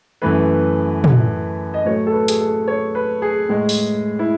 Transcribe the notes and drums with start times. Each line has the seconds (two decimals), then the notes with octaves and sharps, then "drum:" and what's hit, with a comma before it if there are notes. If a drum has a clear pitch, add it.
0.22 F#2 E3 A3 B4
1.04 drum: tom
1.74 D#5
1.85 A2 F#3 A3 C#5
2.07 A4
2.12 B4
2.28 G#4, drum: hi-hat
2.40 A4
2.68 C#5
2.95 B4
3.22 G#4
3.49 A2 G#3
3.69 drum: open hi-hat
4.19 E4